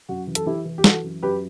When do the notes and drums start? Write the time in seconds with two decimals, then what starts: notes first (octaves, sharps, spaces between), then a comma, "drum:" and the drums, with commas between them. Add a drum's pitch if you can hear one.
0.09 F#2 F#4
0.27 E3
0.35 A4, drum: hi-hat
0.46 E3 E4 G4
0.65 E3
0.78 G4
0.84 E3 F#4 A4, drum: snare
1.03 F#2
1.23 F#2 G4 B4